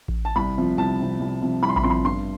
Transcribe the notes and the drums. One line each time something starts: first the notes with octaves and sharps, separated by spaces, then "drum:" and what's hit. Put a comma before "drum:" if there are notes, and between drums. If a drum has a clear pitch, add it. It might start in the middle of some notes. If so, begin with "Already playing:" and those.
drum: kick A1
A5
C2 B5
C3 F3 C4
C2 A5
C3 F3 C4
C2
C3 F3 C4
C2 B5
C6
B5, drum: kick A1
C3 F3 C4 C6
B5
G2 C6